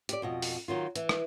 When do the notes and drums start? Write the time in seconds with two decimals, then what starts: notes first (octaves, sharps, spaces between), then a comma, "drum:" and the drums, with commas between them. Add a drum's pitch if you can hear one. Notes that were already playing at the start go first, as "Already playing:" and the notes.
0.09 G4 D5, drum: hi-hat
0.22 F2 B2 D#5
0.42 drum: open hi-hat
0.68 D#3 F#3 F4
0.96 E3, drum: hi-hat
1.09 drum: rim click